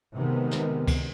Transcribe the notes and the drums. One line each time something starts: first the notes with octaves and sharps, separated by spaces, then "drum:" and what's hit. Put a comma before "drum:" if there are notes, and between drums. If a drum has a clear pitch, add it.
C3 D#3 G#3 B3
drum: snare
drum: kick C#2, cymbal